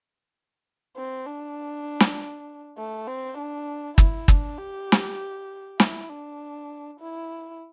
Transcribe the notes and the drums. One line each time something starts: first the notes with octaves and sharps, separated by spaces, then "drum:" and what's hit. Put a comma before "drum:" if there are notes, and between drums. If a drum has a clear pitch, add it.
C4
D4
drum: snare
A3
C4
D4
E4, drum: kick
D4, drum: kick
G4
drum: snare
E4, drum: snare
D4
E4